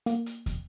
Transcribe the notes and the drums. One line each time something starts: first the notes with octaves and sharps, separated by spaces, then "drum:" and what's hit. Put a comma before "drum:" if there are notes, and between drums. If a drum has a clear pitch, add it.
A#3, drum: hi-hat
drum: hi-hat
drum: kick, hi-hat